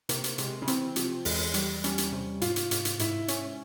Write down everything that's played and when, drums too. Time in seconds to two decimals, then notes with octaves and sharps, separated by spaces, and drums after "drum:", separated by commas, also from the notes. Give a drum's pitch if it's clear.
0.09 C3 A#3, drum: hi-hat
0.24 drum: hi-hat
0.38 C3 G#3, drum: hi-hat
0.62 C#3
0.67 E3 C4, drum: hi-hat
0.96 C3 F3, drum: hi-hat
1.25 E2 G#3, drum: open hi-hat
1.54 G3, drum: hi-hat
1.84 G3 C#4, drum: hi-hat
1.98 drum: hi-hat
2.12 C3
2.41 G#2 F4, drum: hi-hat
2.56 drum: hi-hat
2.71 G#2, drum: hi-hat
2.85 drum: hi-hat
2.99 G#2 E4, drum: hi-hat
3.28 C#4, drum: hi-hat